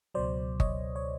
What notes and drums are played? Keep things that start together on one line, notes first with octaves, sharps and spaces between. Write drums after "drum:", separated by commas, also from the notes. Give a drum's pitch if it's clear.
C#2 B2 F#3 C5 D5
C#5 D#5, drum: kick G1
C#5